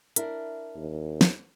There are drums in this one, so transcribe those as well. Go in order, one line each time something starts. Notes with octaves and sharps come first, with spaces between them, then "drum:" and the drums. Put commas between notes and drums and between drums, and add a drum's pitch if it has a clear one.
D4 E4 A#4, drum: hi-hat
D#2
drum: snare